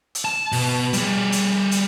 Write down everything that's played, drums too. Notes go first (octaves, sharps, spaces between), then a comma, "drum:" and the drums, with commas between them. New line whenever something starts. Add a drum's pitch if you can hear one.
drum: hi-hat
A5
B2, drum: open hi-hat
G3 G#4, drum: hi-hat
drum: hi-hat
drum: hi-hat